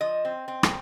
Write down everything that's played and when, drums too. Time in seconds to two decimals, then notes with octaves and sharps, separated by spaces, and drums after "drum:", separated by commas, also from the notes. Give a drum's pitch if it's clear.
0.01 F3 D#5
0.25 C4
0.48 C4
0.63 drum: rim click